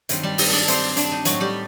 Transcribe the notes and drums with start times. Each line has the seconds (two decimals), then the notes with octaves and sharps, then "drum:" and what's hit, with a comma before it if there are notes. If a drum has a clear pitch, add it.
0.09 G2 D#3 F#3 C4, drum: hi-hat
0.23 G3 G4
0.38 D#4 D#5, drum: open hi-hat
0.53 D4 D5
0.68 C4 C5, drum: hi-hat
0.97 D4, drum: hi-hat
1.12 D#4
1.25 A2 F#3 A3 C4 F#4, drum: hi-hat
1.40 G3 G4